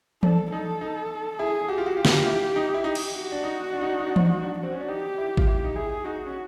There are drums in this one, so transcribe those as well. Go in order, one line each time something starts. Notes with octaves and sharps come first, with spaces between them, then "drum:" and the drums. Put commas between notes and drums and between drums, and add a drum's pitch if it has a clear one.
D4 A4, drum: tom E3
D#4 A4
D#4
E4 G#4
F#4 G4
F4
F#4
F4
F#4, drum: snare
F4
F4
E4
D#4
E4
D#4
drum: cymbal
F#4
D4
D#4
D4
D#4
D4
D#4
D4
D#4, drum: tom E3
D4
D#4 F#4
D4
C4 F#4
C#4
D4
D#4 G4
E4
F4, drum: kick G#1
E4 G4
D#4
E4 G#4
D#4 F#4
C#4